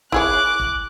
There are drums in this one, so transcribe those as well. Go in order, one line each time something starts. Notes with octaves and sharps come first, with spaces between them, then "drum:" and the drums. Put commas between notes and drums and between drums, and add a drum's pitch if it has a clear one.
E4 G#4 C#5 D6 F#6, drum: kick E1
drum: kick E1